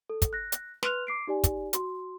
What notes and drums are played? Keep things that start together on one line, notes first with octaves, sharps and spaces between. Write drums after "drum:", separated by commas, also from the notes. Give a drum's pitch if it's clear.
A4
drum: kick, hi-hat
F#6 A#6
drum: hi-hat
B4 C6 F6 F#6 F7, drum: snare
D6 C7 D7
D#4 G4 D5 G#5
drum: kick, hi-hat
F#4 C6, drum: hi-hat